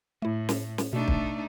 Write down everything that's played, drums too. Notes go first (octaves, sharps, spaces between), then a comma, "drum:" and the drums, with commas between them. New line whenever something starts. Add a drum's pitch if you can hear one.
A2 A3 E4
drum: snare
drum: snare
B2 A3 D4 D#4
drum: kick